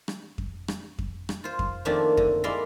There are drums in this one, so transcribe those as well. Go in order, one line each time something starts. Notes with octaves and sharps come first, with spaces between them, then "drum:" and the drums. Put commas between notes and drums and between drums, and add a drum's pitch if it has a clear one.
drum: rim click
drum: kick F2
drum: rim click
drum: kick F2
drum: rim click
F4 C5
drum: kick F2
D#3 F3 A3 A#3 C4 D4
D3, drum: kick F2
G#3 A#3 E4 D5 F5 C6